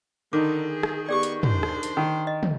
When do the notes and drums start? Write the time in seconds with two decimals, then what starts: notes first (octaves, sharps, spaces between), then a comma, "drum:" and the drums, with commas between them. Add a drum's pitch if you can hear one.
0.33 D3 D#3 D#4 D6
0.67 G#4
0.83 drum: rim click
1.09 B3 G4 G#4 D5 C#6
1.23 drum: hi-hat
1.43 D4 C5, drum: tom
1.63 drum: rim click
1.83 drum: hi-hat
1.97 D#3
2.27 D#5
2.43 drum: tom